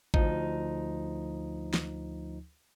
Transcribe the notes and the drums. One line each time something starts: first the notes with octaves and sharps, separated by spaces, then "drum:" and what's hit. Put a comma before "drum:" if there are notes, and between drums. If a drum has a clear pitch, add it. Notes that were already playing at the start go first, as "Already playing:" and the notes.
D2 F3 D#4, drum: kick A1
drum: snare